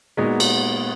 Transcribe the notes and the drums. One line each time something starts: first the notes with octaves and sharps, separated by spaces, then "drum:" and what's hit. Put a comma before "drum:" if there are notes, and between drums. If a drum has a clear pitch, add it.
A#2 G#3 B3 D#4 F#4
drum: cymbal